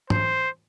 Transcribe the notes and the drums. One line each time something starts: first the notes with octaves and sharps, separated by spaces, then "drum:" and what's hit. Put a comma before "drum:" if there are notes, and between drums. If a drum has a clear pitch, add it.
C5, drum: tom G#2